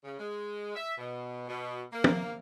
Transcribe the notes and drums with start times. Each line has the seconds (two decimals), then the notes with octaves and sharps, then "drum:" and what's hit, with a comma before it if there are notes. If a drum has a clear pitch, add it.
0.04 C#3
0.19 G#3
0.75 E5
0.98 B2
1.48 B2
1.93 A#3
2.04 drum: tom